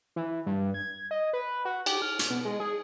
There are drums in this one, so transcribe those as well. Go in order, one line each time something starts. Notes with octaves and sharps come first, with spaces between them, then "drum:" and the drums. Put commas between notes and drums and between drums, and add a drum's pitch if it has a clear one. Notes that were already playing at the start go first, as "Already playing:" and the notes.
E3
G2
G#6
D#5
B4
F#4
G4, drum: cymbal
F6
drum: hi-hat
B2
G#3
G#4